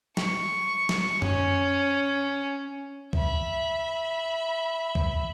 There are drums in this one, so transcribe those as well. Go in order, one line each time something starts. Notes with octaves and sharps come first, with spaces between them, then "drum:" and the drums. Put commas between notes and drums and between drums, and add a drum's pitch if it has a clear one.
C#6, drum: snare
drum: snare
C#4, drum: tom F#2
E5 B5, drum: kick C#2
drum: kick C#2